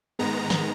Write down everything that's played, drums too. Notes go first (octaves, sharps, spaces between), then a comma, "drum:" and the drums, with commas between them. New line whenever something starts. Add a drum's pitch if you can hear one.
G#2 D#3 G#3 B3 A#5
drum: snare